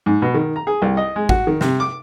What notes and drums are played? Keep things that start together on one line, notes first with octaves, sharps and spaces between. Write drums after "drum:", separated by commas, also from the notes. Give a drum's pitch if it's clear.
G#2
B2
D#3
A#5
G#4
C2
D#5
G#3
F#4, drum: kick
D#3
C3, drum: snare
D6